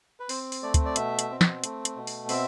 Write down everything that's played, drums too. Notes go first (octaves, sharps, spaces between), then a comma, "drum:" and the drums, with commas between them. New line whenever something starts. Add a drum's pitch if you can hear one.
B4
C4 C5, drum: open hi-hat
drum: open hi-hat
A3 D5
drum: kick, hi-hat
D5
B2 E5, drum: hi-hat
drum: hi-hat
C4
drum: snare
A3, drum: hi-hat
drum: hi-hat
B2
drum: open hi-hat
C4 E5, drum: open hi-hat